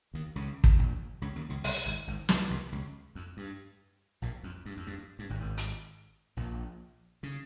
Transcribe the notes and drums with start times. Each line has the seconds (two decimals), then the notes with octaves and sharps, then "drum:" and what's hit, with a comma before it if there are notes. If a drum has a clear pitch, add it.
0.14 D#2 D#3
0.36 C#2 C#3
0.64 drum: kick
0.79 A#1 A#2
1.22 C#2 C#3
1.36 D#2 D#3
1.50 C#2 C#3
1.64 C2 C3, drum: open hi-hat
1.86 G#1 G#2
2.08 G#1 G#2
2.29 C2 C3, drum: snare
2.51 C2 C3
2.72 C#2 C#3
3.15 F2
3.37 G2
4.22 A#1 A#2
4.43 F2
4.66 G2
4.77 F2
4.87 G2
5.19 G2
5.30 G#1 G#2
5.40 G#1 G#2
5.57 drum: hi-hat
6.37 A#1 A#2
7.23 C#3